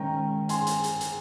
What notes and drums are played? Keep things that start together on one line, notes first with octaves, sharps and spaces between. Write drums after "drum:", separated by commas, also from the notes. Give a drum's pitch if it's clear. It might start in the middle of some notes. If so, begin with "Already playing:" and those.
Already playing: D#3 G#3 C#4 G5 A#5
G#5 C6, drum: hi-hat
drum: hi-hat
drum: hi-hat
drum: hi-hat